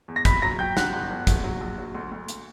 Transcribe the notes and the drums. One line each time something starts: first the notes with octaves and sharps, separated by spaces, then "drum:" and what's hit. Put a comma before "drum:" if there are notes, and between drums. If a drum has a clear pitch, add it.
E2
A#6
A#1 B5 B6, drum: kick, hi-hat
F#3 A#5 A#6
F#3 G5 G6
F#3 F#5 F#6, drum: snare
G1
G1
A#1, drum: kick, hi-hat
F#3
A#1
F#3
D2
D2
drum: hi-hat